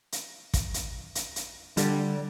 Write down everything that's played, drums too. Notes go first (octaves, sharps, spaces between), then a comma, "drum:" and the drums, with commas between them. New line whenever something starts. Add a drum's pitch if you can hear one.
drum: hi-hat
drum: kick, hi-hat
drum: hi-hat
drum: hi-hat
drum: hi-hat
D3 G3, drum: hi-hat